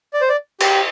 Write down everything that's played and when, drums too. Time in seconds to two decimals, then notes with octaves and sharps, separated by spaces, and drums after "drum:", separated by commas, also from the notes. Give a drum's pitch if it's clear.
0.13 D5
0.21 C5
0.29 D5
0.60 G4, drum: cymbal